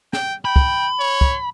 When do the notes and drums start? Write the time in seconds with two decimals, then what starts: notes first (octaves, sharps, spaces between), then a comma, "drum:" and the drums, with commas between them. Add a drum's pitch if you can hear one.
0.13 G5, drum: snare
0.45 G5 B5
0.56 drum: kick
0.99 C#5
1.21 drum: kick